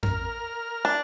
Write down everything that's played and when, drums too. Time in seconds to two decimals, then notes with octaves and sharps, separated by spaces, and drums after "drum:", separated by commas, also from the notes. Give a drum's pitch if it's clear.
0.03 A#4 F6, drum: tom F2
0.85 D4